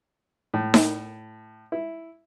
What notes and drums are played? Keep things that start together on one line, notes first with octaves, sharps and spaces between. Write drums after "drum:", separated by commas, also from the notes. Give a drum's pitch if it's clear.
A2
drum: snare D#4
E4